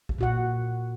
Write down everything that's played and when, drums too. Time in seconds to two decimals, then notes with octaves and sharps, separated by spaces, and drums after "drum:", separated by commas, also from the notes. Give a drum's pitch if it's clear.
0.09 drum: kick
0.18 A#2 F#4 F#5